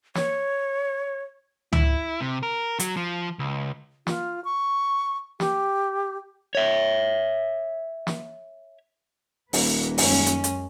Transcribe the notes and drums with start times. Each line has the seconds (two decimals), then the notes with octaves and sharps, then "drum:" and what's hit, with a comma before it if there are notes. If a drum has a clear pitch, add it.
0.15 C#5, drum: snare
1.73 E4, drum: tom
2.21 C3
2.43 A#4
2.79 F#3, drum: hi-hat
2.97 F3
3.39 C#2
4.07 F4, drum: snare
4.45 C#6
5.40 G4, drum: snare
6.55 C#5 E5
8.07 drum: snare
9.53 D#1 A#3 B4, drum: open hi-hat
9.98 F#2 G#3 C#4, drum: open hi-hat
10.26 drum: hi-hat
10.44 drum: hi-hat